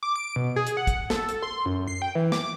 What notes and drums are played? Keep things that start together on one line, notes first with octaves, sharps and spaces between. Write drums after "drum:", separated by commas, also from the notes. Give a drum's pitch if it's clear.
D6
D7
B2
G#4
drum: hi-hat
F#5
drum: kick, hi-hat
A4, drum: snare
drum: hi-hat
C6
F#2
C7
G5
E3
D6, drum: snare